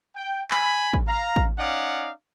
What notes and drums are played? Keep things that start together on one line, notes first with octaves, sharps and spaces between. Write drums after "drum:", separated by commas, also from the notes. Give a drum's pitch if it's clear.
G5
G#5 B5, drum: clap
drum: kick A1
F5 A#5
drum: kick A1
C#4 D#4 D5 F5 F#5